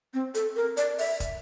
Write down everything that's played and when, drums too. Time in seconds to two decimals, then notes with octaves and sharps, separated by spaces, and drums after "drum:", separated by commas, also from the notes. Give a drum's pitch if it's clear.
0.14 C4
0.34 A4, drum: hi-hat
0.56 A#4
0.77 D5, drum: hi-hat
0.98 E5, drum: open hi-hat
1.20 drum: kick, hi-hat